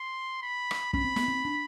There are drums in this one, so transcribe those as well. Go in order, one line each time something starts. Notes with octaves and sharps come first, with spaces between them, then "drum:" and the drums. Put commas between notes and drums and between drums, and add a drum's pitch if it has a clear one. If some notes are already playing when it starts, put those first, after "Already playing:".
Already playing: C6
B5
drum: rim click
C#4 B5, drum: kick
C4
B3, drum: snare
C4
D4